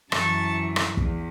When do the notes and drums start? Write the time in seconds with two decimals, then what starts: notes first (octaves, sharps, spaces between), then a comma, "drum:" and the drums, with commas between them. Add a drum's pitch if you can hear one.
0.12 F#2 E3 A5 C#6, drum: rim click
0.76 drum: rim click
0.97 E2, drum: kick